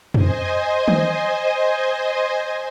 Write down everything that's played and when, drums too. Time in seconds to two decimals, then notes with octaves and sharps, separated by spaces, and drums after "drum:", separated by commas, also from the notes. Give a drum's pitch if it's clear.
0.14 C5 D#5 G#5, drum: tom F2
0.88 drum: tom D#3